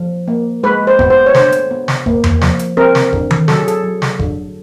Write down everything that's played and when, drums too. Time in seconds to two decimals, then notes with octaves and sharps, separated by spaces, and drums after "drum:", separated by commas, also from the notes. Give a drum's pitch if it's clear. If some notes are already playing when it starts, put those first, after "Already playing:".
Already playing: F3
0.28 A#3
0.63 G#3 B4
0.87 C5
0.99 B3, drum: kick F#1
1.10 C5
1.26 C#5
1.35 D3 C5, drum: snare
1.52 drum: hi-hat
1.71 B3
1.88 drum: snare
2.06 A#3, drum: kick F#1
2.24 drum: tom E2
2.42 F3, drum: snare
2.59 drum: hi-hat
2.77 C4 A#4
2.95 drum: snare
3.13 D3, drum: kick F#1
3.31 drum: tom D#3
3.48 F#3 A4, drum: snare
3.58 G#4
3.68 A4, drum: hi-hat
3.84 F#3
4.02 drum: snare
4.19 D3, drum: kick F#1